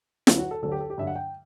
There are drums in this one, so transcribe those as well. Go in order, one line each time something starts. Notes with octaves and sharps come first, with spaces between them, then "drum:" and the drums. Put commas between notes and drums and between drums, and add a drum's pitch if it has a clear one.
D2 D3 F#3 E4, drum: snare
F#4
A4
D2 D3 F#3 A4
G4
A4
G4
G2 D3 F#3 E5
F#5
G5